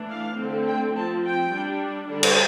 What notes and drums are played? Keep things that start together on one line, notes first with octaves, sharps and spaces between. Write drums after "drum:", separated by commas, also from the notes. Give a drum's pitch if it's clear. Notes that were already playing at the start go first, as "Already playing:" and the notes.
Already playing: E3 A3 D4
F5
D3 A3 C4
G5
F3 C4 A5
G5
G3 D4
D3 G3 D4
drum: cymbal